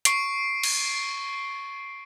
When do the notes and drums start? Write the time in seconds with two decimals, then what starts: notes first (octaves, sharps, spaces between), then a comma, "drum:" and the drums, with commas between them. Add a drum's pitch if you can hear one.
0.05 C#6 C7 D7, drum: hi-hat
0.63 drum: cymbal